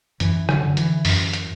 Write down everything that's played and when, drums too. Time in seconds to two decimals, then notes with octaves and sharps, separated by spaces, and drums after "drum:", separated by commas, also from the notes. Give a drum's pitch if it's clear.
0.20 F#2 E3, drum: hi-hat
0.49 D3 F#3, drum: rim click
0.63 D3
0.77 E3, drum: hi-hat
1.05 F#2, drum: open hi-hat
1.33 drum: hi-hat